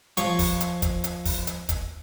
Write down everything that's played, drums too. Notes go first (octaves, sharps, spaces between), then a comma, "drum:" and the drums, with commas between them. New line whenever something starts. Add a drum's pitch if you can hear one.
F3 C#5 C#6, drum: hi-hat
drum: kick, open hi-hat
drum: hi-hat
drum: kick, hi-hat
drum: hi-hat
drum: kick, open hi-hat
drum: hi-hat
drum: kick, hi-hat